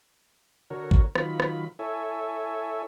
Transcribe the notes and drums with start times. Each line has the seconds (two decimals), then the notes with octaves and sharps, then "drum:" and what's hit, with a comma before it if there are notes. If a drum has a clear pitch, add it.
0.70 D3 F#4 A#4 C#5
0.91 drum: kick G#1
1.15 D#3 F#3 F4 B5, drum: rim click
1.40 drum: rim click
1.79 E4 A4 C#5 E5 G#5